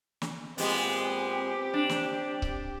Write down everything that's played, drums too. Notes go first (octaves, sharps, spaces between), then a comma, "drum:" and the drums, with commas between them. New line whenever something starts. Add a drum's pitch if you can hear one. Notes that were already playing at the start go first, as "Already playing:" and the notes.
drum: snare
A#2 G#3 B3 C4 G4, drum: open hi-hat
D4
drum: snare
drum: kick C#1